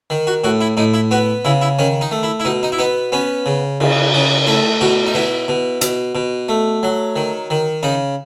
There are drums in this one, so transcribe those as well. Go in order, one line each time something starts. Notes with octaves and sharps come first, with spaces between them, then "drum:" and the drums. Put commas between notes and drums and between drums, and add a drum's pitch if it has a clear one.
D#3
F#4
A2 F#4
E4
A2 D#4
E4
B3 F#4
C#3 E4
E4
D#3 C#4
D#4
A3
E4
E4
B2 D#4
D#4
E4
B3 D#4
B3 C#4
C#3
C#3, drum: cymbal
C#3
A3 E4
B2 F#4
D#4
B2 E4
B2
B2, drum: hi-hat
B2
A3
F#3
D#3
D#3
C#3 D#4